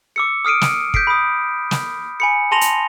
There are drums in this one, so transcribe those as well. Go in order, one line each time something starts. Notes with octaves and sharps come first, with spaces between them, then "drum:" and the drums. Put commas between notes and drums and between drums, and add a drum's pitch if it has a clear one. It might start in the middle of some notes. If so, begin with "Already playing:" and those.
D6 E6 C#7
D#6 F6 C7 D7 D#7
drum: snare
G6 B6 C7 D7, drum: kick
B5 D#6
drum: snare
G#5 B5 C#7
A5 C6 A#6 D#7 F7 G7
drum: hi-hat